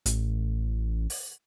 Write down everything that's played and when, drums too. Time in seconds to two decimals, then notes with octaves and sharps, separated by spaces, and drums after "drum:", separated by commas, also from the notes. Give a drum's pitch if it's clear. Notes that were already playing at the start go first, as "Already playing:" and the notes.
0.06 A1, drum: hi-hat
1.10 drum: open hi-hat